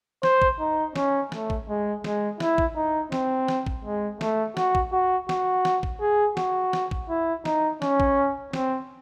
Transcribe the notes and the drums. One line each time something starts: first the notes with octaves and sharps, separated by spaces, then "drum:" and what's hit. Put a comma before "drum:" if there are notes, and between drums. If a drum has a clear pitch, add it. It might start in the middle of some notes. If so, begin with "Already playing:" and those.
C5, drum: snare
drum: kick
D#4
C#4, drum: snare
A3, drum: snare
drum: kick
G#3
G#3, drum: snare
E4, drum: snare
drum: kick
D#4
C4, drum: snare
drum: snare
drum: kick
G#3
A3, drum: snare
F#4, drum: snare
drum: kick
F#4
F#4, drum: snare
drum: snare
drum: kick
G#4
F#4, drum: snare
drum: snare
drum: kick
E4
D#4, drum: snare
C#4, drum: snare
drum: kick
C4, drum: snare